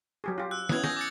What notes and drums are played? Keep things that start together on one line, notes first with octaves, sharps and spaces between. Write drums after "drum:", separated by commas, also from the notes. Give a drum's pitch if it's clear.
F#3 G4 G#4
F4 G4
E6 F#6
E3 B3 C#4 D#6 G#6, drum: snare
G#4 G6 A#6, drum: snare
D6 A6 C#7